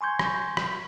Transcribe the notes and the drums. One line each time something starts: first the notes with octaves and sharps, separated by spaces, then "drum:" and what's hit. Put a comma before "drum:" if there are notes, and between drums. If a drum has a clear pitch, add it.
G#5 C6 C#6 G6 G#6
drum: rim click
drum: rim click